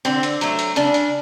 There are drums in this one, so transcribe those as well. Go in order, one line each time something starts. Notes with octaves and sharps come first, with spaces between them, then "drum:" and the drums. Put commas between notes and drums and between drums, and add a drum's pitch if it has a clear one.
D3 C4, drum: hi-hat
drum: hi-hat
F#3 A3, drum: hi-hat
drum: hi-hat
C#3 D4, drum: hi-hat
drum: hi-hat